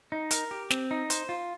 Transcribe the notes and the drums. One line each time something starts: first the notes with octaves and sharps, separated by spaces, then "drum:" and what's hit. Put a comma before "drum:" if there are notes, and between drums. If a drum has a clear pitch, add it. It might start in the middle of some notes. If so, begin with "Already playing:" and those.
D#4
A#4, drum: hi-hat
G4
C4, drum: snare
D#4
C5, drum: hi-hat
F4